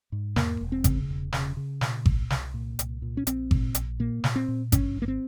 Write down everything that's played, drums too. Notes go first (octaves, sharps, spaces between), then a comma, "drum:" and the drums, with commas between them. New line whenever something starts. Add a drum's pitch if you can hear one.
G#2
E2 A#3, drum: snare
E1
C4
C#3, drum: kick G#1, hi-hat
E1
C#3, drum: snare
C#3
A#2, drum: snare
C2, drum: kick G#1
C2, drum: snare
A#2
C2, drum: hi-hat
A#2
C#4
A#1 C4, drum: hi-hat
A#2, drum: kick G#1
A#1, drum: hi-hat
A#2 A#3
A#2, drum: snare
C4
A#2
G2 C#4, drum: kick G#1, hi-hat
G#1
A#3
C4